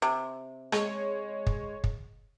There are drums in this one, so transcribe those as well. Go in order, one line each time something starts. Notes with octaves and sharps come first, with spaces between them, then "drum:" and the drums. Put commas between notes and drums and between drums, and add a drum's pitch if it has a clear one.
C3
G#3 C#5, drum: rim click
drum: kick
drum: kick